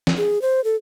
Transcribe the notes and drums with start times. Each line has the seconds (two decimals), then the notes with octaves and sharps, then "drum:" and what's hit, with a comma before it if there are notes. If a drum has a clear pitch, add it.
0.07 drum: snare
0.17 G#4
0.42 C5
0.64 A4